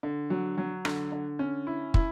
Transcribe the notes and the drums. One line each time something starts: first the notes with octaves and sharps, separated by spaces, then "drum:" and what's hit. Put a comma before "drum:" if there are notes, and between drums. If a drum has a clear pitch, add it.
D3
F#3
F#3
D3, drum: rim click
D3
C#4
E4
E4, drum: kick